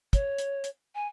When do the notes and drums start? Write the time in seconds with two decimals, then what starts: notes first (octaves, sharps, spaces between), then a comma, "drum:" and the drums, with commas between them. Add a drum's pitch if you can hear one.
0.13 C#5, drum: kick, hi-hat
0.38 drum: hi-hat
0.64 drum: hi-hat
0.95 G#5